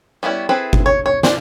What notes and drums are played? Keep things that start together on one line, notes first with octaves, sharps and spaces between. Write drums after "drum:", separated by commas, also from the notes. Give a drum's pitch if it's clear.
G3 B3 C#4 E4
C4 E4 G#4 A4 B4
drum: kick G1
C#5
C#5
D4 C5 D5, drum: snare